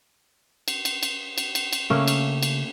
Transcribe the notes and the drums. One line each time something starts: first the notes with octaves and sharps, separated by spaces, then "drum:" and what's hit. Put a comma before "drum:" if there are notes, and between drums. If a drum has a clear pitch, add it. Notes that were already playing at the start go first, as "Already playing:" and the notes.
drum: cymbal
drum: cymbal
drum: cymbal
drum: cymbal
drum: cymbal
drum: cymbal
C#3 A3 A#3 C#4
drum: cymbal
drum: cymbal